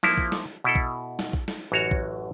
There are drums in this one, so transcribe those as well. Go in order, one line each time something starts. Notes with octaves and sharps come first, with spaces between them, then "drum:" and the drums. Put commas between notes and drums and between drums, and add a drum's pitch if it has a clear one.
F3 A#3 E4, drum: snare
drum: kick A#1
drum: snare
B2 E4 A4
drum: kick A#1
drum: snare
drum: kick A#1
drum: snare
A1 F#2 F#4 C#5 A#5
drum: kick A#1